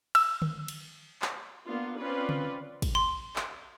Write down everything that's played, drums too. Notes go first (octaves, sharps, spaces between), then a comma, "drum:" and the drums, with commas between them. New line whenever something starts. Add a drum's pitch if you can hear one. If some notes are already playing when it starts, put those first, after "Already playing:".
E6, drum: cymbal
drum: tom D3
drum: cymbal
drum: clap
A#3 B3 D4 F4
C4 C#4 F4 B4 D5
drum: tom C#3
drum: kick, cymbal
C6
drum: clap